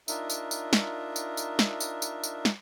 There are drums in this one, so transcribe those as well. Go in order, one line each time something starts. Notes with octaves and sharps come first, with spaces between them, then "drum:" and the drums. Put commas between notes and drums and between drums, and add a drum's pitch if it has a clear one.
D4 D#4 F4 A#4 E5, drum: tambourine
drum: tambourine
drum: tambourine
drum: snare
drum: tambourine
drum: tambourine
drum: snare
drum: tambourine
drum: tambourine
drum: tambourine
drum: snare